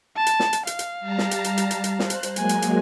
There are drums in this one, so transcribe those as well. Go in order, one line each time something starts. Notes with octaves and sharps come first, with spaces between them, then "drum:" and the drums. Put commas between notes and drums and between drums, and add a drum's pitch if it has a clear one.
A5
drum: hi-hat
drum: snare
drum: hi-hat
F5, drum: hi-hat
drum: hi-hat
G3 A5 A#5
drum: snare
drum: hi-hat
drum: hi-hat
drum: hi-hat
drum: hi-hat
drum: hi-hat
C5 F#6, drum: snare
drum: hi-hat
drum: hi-hat
F#3 G#3 A#3 G#5, drum: hi-hat
drum: hi-hat
drum: hi-hat